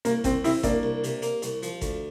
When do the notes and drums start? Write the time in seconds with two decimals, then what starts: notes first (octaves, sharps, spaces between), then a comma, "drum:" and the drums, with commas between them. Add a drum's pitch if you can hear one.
0.05 C2 A#3, drum: hi-hat
0.24 C2 C4, drum: kick G#1, hi-hat
0.44 C3 C4 E4, drum: open hi-hat
0.63 C2 A#3 D4, drum: kick G#1, hi-hat
0.83 C2
1.04 C3, drum: hi-hat
1.22 A#3, drum: hi-hat
1.42 C2, drum: hi-hat
1.63 F3, drum: hi-hat
1.82 D2, drum: kick G#1, hi-hat